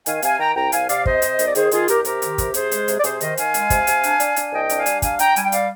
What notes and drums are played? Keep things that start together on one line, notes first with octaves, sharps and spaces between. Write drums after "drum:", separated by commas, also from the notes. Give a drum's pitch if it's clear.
D#3 F5 G#5, drum: hi-hat
C3 F5 G#5, drum: hi-hat
D#3 G5 A#5
C2 G5 A#5
C2 F5 G#5, drum: hi-hat
C3 D5 F5, drum: hi-hat
C3 C5 D#5, drum: kick
C3, drum: hi-hat
C2, drum: hi-hat
D5
D#3 G#4 C5, drum: hi-hat
D#3 F4 G#4, drum: hi-hat
C2 G4 A#4, drum: hi-hat
C3 G4 A#4, drum: hi-hat
D#3, drum: hi-hat
C3, drum: kick, hi-hat
C3 G#4 C5, drum: hi-hat
G#3, drum: hi-hat
C3, drum: hi-hat
D5
C3 G#4 C5, drum: hi-hat
D#3 C5 D#5, drum: hi-hat
D#3 F5 G#5, drum: hi-hat
G#3, drum: hi-hat
C3, drum: kick, hi-hat
C3, drum: hi-hat
D4, drum: hi-hat
D4, drum: hi-hat
D4, drum: hi-hat
C2 D#5 G5
D4, drum: hi-hat
F5 G#5
G3, drum: hi-hat
D4 F5 G#5, drum: kick, hi-hat
D4 G5 A#5, drum: hi-hat
G3 G#5, drum: hi-hat
G5
D5 F5, drum: hi-hat